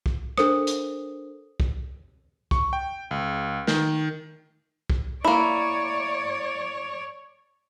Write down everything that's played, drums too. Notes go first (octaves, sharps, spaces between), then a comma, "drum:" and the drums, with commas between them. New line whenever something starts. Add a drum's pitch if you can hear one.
drum: kick
D4 A4 A#4 C5 D#6, drum: rim click
drum: hi-hat
drum: kick
C#6, drum: kick
G5
C#2
D#3, drum: snare
drum: kick
A#3 E4 C#5 D5